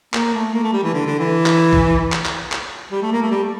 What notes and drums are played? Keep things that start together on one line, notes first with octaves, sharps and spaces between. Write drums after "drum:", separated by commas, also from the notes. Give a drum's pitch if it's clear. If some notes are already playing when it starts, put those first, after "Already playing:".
A#3, drum: clap
A3
A#3
A3
G3
E3
D3
D3
E3
drum: clap
drum: kick A#1
drum: clap
drum: clap
drum: clap
G3
A3
A#3
A3
G3